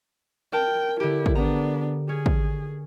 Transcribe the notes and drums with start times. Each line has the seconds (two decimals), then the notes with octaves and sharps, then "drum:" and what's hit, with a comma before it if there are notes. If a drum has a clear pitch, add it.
0.53 A#4 G5 A5
1.00 D3 E4 G4
1.26 drum: kick
1.35 B3 D4 A#5
2.09 C#4 G#4
2.26 drum: kick